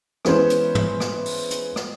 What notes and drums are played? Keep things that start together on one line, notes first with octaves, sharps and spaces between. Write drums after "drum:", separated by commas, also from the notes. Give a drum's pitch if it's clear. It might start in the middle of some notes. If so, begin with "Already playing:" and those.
E3 G#3 B3 C#4 C5, drum: rim click
drum: hi-hat
drum: tom
drum: rim click
drum: open hi-hat
drum: hi-hat
drum: rim click